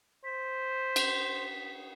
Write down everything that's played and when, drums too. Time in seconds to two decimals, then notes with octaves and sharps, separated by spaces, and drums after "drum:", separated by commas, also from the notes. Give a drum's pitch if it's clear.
0.24 C5 B6
0.96 drum: cymbal